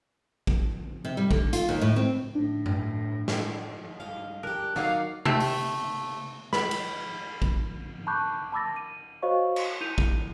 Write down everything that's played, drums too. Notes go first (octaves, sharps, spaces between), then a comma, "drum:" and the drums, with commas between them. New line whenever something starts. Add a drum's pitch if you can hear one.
drum: kick
C3
G3
D3, drum: kick
F4, drum: hi-hat
D#2
A2
C4
A2 D4
drum: tom G2
drum: snare
G2 D#5 F5
D4 G4 A#4 F#6
F#3 A#3 D#4 F#4 D5 F5
C3 A3 G4 A5, drum: tom C3
drum: open hi-hat
B5, drum: snare
drum: cymbal
drum: kick
A5 B5 C#6 D6 F#6 G6
A5 B5 D6 E6 A6 A#6
D#7
F#4 C5 C#5 D#5 F5 C#6
drum: cymbal
E4 G6 D#7 F7
drum: kick